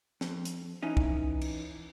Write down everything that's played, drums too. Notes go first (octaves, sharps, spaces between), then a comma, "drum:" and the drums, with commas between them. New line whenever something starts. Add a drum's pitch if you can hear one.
F2, drum: snare
drum: hi-hat
E3 C#4 D#4
drum: kick
drum: cymbal